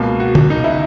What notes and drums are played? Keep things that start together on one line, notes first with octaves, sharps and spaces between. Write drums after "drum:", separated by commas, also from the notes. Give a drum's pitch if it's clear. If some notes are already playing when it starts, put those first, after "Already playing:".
Already playing: C#2 B2 A#3
F#4
drum: tom D3
D#4
E4